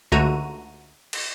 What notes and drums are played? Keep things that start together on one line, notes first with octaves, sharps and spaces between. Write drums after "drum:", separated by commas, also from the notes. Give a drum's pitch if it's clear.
C#2 D3 A3 F#4 A#5 D#7
drum: cymbal